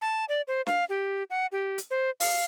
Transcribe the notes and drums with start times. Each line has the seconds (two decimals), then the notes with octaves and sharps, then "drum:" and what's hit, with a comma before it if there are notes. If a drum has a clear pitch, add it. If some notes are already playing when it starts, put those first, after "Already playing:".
0.02 A5
0.29 D5
0.48 C5
0.67 F5, drum: snare
0.89 G4
1.30 F#5
1.52 G4
1.78 drum: hi-hat
1.91 C5
2.20 F5, drum: open hi-hat